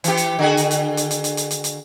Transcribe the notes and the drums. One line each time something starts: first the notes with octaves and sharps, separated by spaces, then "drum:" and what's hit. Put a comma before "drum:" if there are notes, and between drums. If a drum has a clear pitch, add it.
E3 G4, drum: hi-hat
drum: hi-hat
D3 F#4 G#4
drum: hi-hat
drum: hi-hat
drum: hi-hat
drum: hi-hat
drum: hi-hat
drum: hi-hat
drum: hi-hat
drum: hi-hat